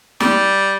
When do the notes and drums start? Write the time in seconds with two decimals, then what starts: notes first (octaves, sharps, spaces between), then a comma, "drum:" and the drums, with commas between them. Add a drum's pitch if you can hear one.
0.20 G3, drum: snare